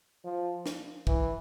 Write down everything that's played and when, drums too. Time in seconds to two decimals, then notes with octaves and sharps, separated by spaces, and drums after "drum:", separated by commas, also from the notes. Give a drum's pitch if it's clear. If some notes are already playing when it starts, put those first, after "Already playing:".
0.24 F3
0.66 drum: snare
1.07 E3, drum: kick